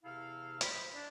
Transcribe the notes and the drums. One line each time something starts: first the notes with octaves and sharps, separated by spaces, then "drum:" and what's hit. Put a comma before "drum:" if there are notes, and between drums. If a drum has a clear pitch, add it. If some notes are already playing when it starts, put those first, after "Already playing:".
E2 C3 E4 A4 F5
C5 D#5 B5, drum: hi-hat
D4